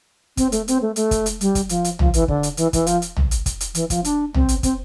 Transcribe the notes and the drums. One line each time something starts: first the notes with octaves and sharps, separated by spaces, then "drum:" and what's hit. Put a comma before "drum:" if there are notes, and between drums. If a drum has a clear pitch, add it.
C4, drum: kick, hi-hat
A3, drum: hi-hat
C4, drum: hi-hat
A3
A3, drum: hi-hat
drum: kick, hi-hat
drum: hi-hat
G3, drum: hi-hat
drum: kick, hi-hat
F3, drum: hi-hat
drum: hi-hat
F3, drum: tom A#1
E3, drum: hi-hat
D3, drum: kick
drum: hi-hat
E3, drum: hi-hat
E3, drum: kick, hi-hat
F3, drum: hi-hat
drum: hi-hat
drum: tom A#1
drum: hi-hat
drum: kick, hi-hat
drum: hi-hat
E3, drum: hi-hat
F3, drum: kick, hi-hat
D4, drum: hi-hat
C4, drum: tom A#1
drum: hi-hat
C4, drum: kick, hi-hat